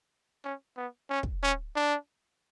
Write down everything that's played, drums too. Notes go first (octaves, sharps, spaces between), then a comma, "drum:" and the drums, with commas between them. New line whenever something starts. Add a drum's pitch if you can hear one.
C#4
B3
C#4
drum: kick
C#4
D4